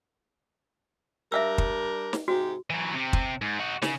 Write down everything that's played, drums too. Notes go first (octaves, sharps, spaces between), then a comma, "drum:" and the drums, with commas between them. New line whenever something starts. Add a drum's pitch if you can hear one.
G3 D4 A#4 E5 F5 E6
drum: kick
drum: snare
G#2 C3 F#4 G4
E3 F#3
C3
drum: kick
G#2
D#4 F#4
C#3, drum: snare